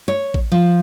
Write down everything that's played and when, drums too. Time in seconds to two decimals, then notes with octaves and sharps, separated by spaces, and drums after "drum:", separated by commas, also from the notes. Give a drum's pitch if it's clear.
0.08 C#5
0.34 drum: kick A1
0.52 F3